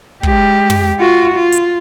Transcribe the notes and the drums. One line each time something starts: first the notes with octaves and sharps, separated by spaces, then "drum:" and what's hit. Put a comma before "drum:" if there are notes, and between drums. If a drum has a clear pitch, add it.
G#3 G4, drum: kick
drum: tom
F4 F#4
F4
drum: hi-hat